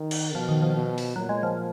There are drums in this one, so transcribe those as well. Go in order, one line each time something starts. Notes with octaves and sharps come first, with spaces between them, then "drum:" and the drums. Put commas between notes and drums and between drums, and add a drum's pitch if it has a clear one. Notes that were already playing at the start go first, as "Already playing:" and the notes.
Already playing: D#3
drum: cymbal
B2 F3
D#3
F3
B2
drum: open hi-hat
A#2 F#3
G#3
F3